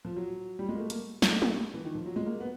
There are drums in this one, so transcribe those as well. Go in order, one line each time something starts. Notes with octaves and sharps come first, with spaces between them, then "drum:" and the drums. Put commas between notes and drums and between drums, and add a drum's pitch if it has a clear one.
F3
F#3
G3
G#3
A#3
A3
A#3, drum: hi-hat
G#3, drum: snare
A3
A#3, drum: tom G#3
G3
E3
D#3
F3
F#3
G#3
A#3
B3